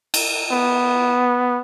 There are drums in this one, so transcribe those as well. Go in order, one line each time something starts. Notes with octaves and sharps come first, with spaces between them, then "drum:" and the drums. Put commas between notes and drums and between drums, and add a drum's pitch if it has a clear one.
drum: cymbal
B3